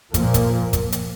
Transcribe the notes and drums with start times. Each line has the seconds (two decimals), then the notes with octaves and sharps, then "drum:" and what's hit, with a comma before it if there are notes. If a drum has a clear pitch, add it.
0.14 A#2 F3 A#3, drum: kick, hi-hat
0.34 drum: kick, hi-hat
0.73 drum: kick, hi-hat
0.92 drum: hi-hat